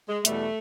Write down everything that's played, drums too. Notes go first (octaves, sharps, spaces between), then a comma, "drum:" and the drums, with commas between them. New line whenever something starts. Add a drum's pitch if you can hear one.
G#3
E2 B2 G3 A3, drum: hi-hat